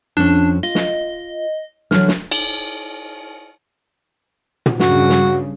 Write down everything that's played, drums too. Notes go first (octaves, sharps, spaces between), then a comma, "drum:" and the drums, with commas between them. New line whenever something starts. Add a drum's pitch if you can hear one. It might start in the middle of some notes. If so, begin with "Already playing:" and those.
F2 F3 C#4 D4
F4 D#5
drum: snare
D3 E3 F#3 F6, drum: snare
drum: snare
drum: cymbal
drum: tom
G2 C#3 F#4, drum: snare
drum: snare